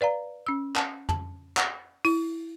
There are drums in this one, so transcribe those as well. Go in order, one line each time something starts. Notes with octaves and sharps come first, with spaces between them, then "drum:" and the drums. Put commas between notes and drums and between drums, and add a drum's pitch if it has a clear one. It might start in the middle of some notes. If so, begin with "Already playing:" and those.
B4 D5 F5 A#5
C#4 E6
F#5 A5, drum: clap
A5, drum: tom
F#5, drum: clap
E4, drum: open hi-hat